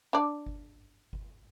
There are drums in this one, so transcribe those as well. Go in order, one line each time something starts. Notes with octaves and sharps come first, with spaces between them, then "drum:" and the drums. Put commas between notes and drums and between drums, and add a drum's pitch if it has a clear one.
D4 D5
drum: kick G1
drum: kick G1